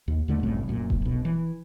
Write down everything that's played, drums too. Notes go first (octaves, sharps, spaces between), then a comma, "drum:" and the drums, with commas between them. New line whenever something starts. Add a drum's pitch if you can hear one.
D#2
D#2 D3 A3
G1 C2 F#2 A2
F1 F#2 A#2
drum: kick D#1
B1 B2
E3